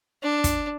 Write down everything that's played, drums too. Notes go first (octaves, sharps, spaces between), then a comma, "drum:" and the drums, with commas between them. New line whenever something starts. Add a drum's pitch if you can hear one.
D4
drum: kick, hi-hat